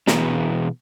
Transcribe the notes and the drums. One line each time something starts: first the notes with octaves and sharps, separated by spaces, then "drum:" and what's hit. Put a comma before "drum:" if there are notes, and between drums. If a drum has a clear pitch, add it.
B2 E3 B3 G#4 B4 A#5, drum: snare